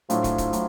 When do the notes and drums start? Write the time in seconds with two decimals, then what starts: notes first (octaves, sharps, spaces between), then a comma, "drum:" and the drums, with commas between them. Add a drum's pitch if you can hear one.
0.10 A2 F3 F#3 A3 D4, drum: hi-hat
0.24 drum: kick, hi-hat
0.38 drum: kick, hi-hat
0.53 A2 F#3, drum: hi-hat